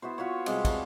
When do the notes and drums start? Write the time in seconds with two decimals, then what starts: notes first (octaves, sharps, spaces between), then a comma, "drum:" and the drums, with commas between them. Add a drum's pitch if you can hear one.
0.02 B3 E4 F#4 C5
0.18 F4 F#4 B4 C#5
0.46 C3 G3 G#3 D6, drum: cymbal
0.65 B4 D5 G#5 A5, drum: kick, cymbal